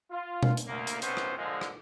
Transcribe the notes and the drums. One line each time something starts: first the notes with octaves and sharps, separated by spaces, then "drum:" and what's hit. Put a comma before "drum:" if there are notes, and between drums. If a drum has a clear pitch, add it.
F4
drum: tom B2
drum: hi-hat
D2 A#3
drum: hi-hat
B1 C3 B3 C#4 C5, drum: hi-hat
drum: rim click
A#2 D3 F3 G#3
drum: rim click